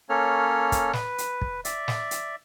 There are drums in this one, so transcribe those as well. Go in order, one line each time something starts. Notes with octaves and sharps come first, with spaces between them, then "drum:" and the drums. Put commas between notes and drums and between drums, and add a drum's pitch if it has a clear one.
A#3 C#4 A4 C#5 F6
drum: kick, hi-hat
B4, drum: snare
drum: hi-hat
drum: kick
D5 E5, drum: hi-hat
drum: snare
drum: hi-hat